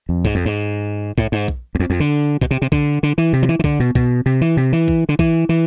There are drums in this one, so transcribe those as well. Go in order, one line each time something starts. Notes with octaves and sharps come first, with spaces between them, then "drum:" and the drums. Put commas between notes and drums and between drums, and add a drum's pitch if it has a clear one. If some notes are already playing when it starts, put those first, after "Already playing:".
F2
G#2, drum: kick
F2
G#2
A2, drum: kick
G#2
drum: kick
E2
F2
F2
D3
B2, drum: kick
C3
C3
D3, drum: kick
D3
E3
C3
F3
E3
E3
D3, drum: kick
B2
B2, drum: kick
C3
E3
C3
E3
drum: kick
D3
E3, drum: kick
E3